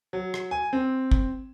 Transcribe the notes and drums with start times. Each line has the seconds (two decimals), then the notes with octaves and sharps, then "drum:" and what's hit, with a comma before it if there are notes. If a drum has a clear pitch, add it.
0.13 F#3
0.34 drum: rim click
0.51 G#5
0.73 C4
1.11 drum: kick